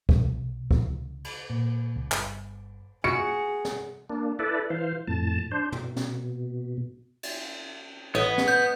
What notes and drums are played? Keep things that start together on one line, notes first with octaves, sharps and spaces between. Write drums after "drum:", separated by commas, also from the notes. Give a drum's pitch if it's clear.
B1, drum: kick C#2
C#2, drum: kick C#2
drum: cymbal
A#2
C#2
G1, drum: clap
F#4 G#4 C#7
drum: snare
A#3 D4
E4 A4 B4 D5
E3 C5 F5
F2 A2 A5
D4 C5
B2, drum: tom
drum: snare
drum: cymbal
A1 B3 C#5 D#5
drum: snare
G6